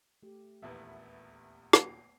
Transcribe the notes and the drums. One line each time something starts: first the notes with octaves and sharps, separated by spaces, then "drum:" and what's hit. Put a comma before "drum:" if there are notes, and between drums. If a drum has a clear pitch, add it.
A3 G4
D#1 A#1 E2 A#3 B3 B4 E5
drum: rim click